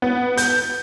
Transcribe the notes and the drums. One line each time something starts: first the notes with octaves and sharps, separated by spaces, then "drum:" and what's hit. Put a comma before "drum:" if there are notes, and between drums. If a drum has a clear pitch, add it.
B3
G6, drum: hi-hat